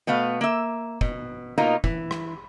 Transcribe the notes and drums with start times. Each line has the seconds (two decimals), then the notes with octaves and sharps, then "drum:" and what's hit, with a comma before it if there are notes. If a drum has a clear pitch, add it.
0.07 B2 A3 B3 F5
0.41 A#3 E5
1.01 B2, drum: kick
1.58 B2 A#3 D#4 F4
1.84 E3, drum: kick
2.11 drum: rim click